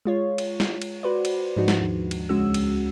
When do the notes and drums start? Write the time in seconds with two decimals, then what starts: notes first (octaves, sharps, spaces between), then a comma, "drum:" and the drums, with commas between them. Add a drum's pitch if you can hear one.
0.05 G#3 F4 C#5
0.38 drum: cymbal
0.60 drum: snare
0.82 drum: cymbal
1.03 F#4 B4 C5 D5
1.25 drum: cymbal
1.56 G#2 F3 G#3 D4 D#4 F#4
1.68 drum: snare
1.81 D#2
2.11 drum: cymbal
2.29 C#2 G#3 C#4 F#4 E6
2.54 drum: cymbal